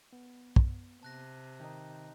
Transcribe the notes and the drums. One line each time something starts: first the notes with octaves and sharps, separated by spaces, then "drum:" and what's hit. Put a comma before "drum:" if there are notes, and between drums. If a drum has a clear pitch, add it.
B3
drum: kick
C3 A5 F#6 A#6
D#3 D#4 G5